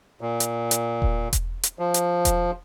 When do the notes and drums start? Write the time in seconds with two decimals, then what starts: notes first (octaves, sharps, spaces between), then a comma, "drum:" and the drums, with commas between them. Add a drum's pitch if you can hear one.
0.21 A#2
0.40 drum: hi-hat
0.71 drum: hi-hat
1.02 drum: kick E1
1.33 drum: kick E1, hi-hat
1.63 drum: hi-hat
1.79 F3
1.94 drum: hi-hat
2.25 drum: kick E1, hi-hat